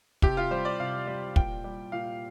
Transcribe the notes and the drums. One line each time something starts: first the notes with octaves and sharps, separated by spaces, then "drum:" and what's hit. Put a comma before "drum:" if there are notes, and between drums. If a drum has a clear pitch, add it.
C3 G4, drum: kick
F4
G3 C5
D5
C3 F5
G3
A#2 G5, drum: kick
G3
A#2 F5